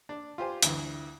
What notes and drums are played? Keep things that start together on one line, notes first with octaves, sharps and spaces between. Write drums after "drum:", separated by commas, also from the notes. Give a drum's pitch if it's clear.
D4
F4 G4 C5 G#5
D2 G2 E3, drum: hi-hat